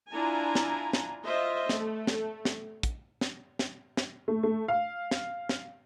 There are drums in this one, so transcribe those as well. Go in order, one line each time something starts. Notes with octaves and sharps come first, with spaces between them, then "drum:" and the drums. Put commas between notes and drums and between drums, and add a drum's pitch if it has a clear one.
D4 E4 F4 G#5 A#5
drum: snare
drum: snare
F4 C5 D#5 E5
A3, drum: snare
drum: snare
drum: snare
drum: kick, hi-hat
drum: snare
drum: snare
drum: snare
A3
A3
F5
drum: snare
drum: snare